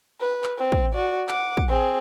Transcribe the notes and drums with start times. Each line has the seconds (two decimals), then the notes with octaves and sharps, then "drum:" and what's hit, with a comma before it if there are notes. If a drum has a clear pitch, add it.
0.20 B4
0.44 drum: clap
0.58 C4
0.72 drum: kick
0.93 F#4 D5
1.29 F#5 D6, drum: clap
1.57 drum: kick
1.69 C4 G#4